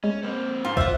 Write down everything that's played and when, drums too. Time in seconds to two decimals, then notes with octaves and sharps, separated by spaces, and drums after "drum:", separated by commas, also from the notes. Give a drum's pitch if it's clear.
0.04 G#3 C#4
0.23 A#3 C4
0.65 G#2 F4
0.77 F4 C5 E5 F#5, drum: kick